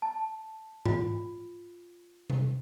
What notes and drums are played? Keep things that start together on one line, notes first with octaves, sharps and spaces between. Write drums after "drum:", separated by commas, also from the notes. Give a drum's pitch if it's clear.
A5
F4, drum: tom G#2
drum: tom C3